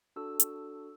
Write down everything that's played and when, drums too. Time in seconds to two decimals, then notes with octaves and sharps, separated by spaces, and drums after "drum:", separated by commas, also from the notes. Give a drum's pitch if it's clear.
0.16 D4 F#4 A4 E6
0.40 drum: hi-hat